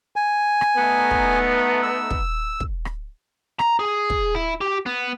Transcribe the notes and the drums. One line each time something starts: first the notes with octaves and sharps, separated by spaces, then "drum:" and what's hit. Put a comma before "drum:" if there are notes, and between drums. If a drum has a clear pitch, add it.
G#5
drum: rim click
A3 B3 D#4
drum: kick
E6
drum: kick
drum: kick
drum: rim click
A#5, drum: rim click
G#4
drum: kick
E4
G4
B3